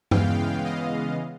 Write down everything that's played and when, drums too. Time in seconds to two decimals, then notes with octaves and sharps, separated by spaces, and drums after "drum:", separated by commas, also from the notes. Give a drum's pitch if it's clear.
0.11 C#3 E3 G#3 B3 F5 G5, drum: tom G2
0.65 D#5 F5